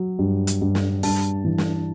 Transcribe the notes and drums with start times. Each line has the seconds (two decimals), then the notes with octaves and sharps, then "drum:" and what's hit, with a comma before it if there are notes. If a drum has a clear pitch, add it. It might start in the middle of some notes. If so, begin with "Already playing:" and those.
Already playing: F#3
0.19 G2
0.47 drum: hi-hat
0.62 G2
0.75 drum: snare
1.03 G2 A5, drum: open hi-hat
1.45 E3
1.58 drum: snare